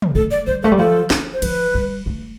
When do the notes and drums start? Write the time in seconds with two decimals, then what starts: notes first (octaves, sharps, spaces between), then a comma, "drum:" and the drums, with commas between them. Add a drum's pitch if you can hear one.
0.02 drum: tom
0.15 A3 A4
0.31 D5
0.46 G3 C5
0.63 A3 A4
0.72 G3
0.79 F3 A4
1.10 F3, drum: snare
1.33 C5
1.42 F3 B4, drum: cymbal
1.74 G3
2.06 A3